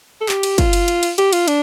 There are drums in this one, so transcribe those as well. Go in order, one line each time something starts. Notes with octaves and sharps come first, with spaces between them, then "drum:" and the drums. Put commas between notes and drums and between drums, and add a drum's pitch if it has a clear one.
A4
G4, drum: clap
drum: cymbal
F4, drum: kick, cymbal
drum: cymbal
drum: cymbal
drum: cymbal
G4, drum: cymbal
F4, drum: cymbal
D4, drum: cymbal